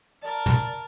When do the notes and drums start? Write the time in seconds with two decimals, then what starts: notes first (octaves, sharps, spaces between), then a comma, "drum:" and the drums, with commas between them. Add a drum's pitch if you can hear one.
0.22 A#4 D5 A5
0.46 drum: tom